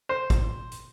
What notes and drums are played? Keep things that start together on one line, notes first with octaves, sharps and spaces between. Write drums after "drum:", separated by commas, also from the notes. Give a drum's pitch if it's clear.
C5
drum: kick, hi-hat
drum: hi-hat